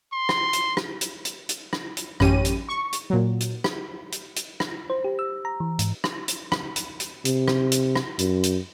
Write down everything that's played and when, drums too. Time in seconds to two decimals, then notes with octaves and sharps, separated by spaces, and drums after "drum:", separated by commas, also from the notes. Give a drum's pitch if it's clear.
0.13 C6
0.29 drum: rim click
0.53 drum: hi-hat
0.77 drum: rim click
1.01 drum: hi-hat
1.25 drum: hi-hat
1.49 drum: hi-hat
1.73 drum: rim click
1.97 drum: hi-hat
2.20 A1 F#2 C#4 G4 D#7, drum: rim click
2.45 drum: hi-hat
2.69 C#6
2.92 drum: hi-hat
3.10 A#2 F#3
3.40 drum: hi-hat
3.64 drum: rim click
4.12 drum: hi-hat
4.36 drum: hi-hat
4.60 drum: rim click
4.90 C5
5.04 G4
5.19 E6
5.45 A#5
5.60 E3
5.79 G#2, drum: hi-hat
6.04 drum: rim click
6.28 drum: hi-hat
6.52 drum: rim click
6.76 drum: hi-hat
7.00 drum: hi-hat
7.25 C3, drum: hi-hat
7.48 drum: rim click
7.72 drum: hi-hat
7.96 drum: rim click
8.19 F#2, drum: hi-hat
8.43 drum: hi-hat